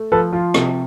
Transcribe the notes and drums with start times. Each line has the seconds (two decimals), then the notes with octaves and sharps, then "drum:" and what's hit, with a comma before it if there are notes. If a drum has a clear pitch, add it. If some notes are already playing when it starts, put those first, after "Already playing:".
Already playing: A3
0.12 F3 A4 B4
0.32 F3 F4
0.54 C3, drum: rim click